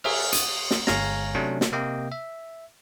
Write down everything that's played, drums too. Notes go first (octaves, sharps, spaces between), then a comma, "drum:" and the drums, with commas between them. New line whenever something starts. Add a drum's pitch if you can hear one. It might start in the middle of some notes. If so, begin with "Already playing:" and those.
G#4 A#4 E5 F6, drum: cymbal
D#6, drum: hi-hat
drum: snare
G1 G#3 C#5 F5 G#5 A#5, drum: snare
C3 F#3 A3 C#4 D4
drum: snare
C3 A#3 D#5 G5
E5